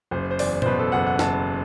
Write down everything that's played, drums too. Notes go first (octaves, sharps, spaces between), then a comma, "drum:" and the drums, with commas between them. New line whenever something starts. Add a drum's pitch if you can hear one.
F#1 C5
C5
E2 D5, drum: open hi-hat
C5, drum: tom A2
B2 B4
A4
F#1 F#5
F#5
F#1 A5, drum: snare